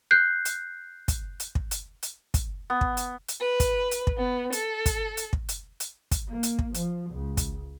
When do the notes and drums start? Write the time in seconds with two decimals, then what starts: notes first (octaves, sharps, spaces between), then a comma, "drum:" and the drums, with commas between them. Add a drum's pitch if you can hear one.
0.11 F#6 G6 C7
0.45 drum: hi-hat
1.08 drum: kick, hi-hat
1.40 drum: hi-hat
1.55 drum: kick
1.71 drum: hi-hat
2.03 drum: hi-hat
2.34 drum: kick, hi-hat
2.70 B3
2.81 drum: kick
2.97 drum: hi-hat
3.28 drum: hi-hat
3.40 B4
3.60 drum: kick, hi-hat
3.91 drum: hi-hat
4.07 drum: kick
4.17 B3
4.52 A4, drum: hi-hat
4.86 drum: kick, hi-hat
5.17 drum: hi-hat
5.33 drum: kick
5.49 drum: hi-hat
5.80 drum: hi-hat
6.11 drum: kick, hi-hat
6.29 A#3
6.43 drum: hi-hat
6.59 drum: kick
6.74 F3, drum: hi-hat
7.11 C#2
7.37 drum: kick, hi-hat